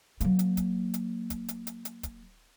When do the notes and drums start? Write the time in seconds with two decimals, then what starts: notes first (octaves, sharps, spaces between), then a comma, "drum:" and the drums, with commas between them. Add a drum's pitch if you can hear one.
0.21 F#3 A#3, drum: hi-hat
0.39 drum: hi-hat
0.57 drum: kick, hi-hat
0.94 drum: hi-hat
1.30 drum: kick, hi-hat
1.48 drum: hi-hat
1.67 drum: hi-hat
1.85 drum: hi-hat
2.03 drum: kick, hi-hat